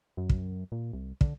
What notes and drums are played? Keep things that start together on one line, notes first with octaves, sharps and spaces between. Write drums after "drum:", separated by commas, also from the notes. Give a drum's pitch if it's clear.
F#2
drum: kick
A#2
C2
D3, drum: kick